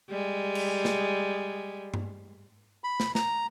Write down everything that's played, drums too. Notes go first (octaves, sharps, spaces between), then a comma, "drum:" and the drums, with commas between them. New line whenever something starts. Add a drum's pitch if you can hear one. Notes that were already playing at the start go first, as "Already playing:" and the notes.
G3 G#3
drum: cymbal
drum: snare
drum: tom G2
B5
drum: snare
A#5, drum: snare